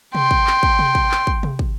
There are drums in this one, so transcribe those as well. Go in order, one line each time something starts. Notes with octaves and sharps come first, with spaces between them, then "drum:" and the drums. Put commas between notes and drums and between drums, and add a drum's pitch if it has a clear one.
G5 C6, drum: tom C3
drum: kick
drum: clap
drum: kick
drum: tom C3
drum: kick
drum: clap
drum: kick
drum: tom C3
drum: kick